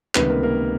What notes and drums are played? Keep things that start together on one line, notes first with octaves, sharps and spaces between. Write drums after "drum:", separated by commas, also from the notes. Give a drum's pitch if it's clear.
C#2 C3 D#3 G3 B3 B4, drum: clap
A#3 A#4
A#3 A#4